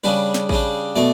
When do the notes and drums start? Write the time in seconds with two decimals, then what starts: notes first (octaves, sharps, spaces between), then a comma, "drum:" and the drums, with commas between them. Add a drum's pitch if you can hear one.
0.04 C#3 G3 D4 B4
0.34 drum: snare
0.49 C#3 G3 D4, drum: kick A1
0.96 B2 A3 D5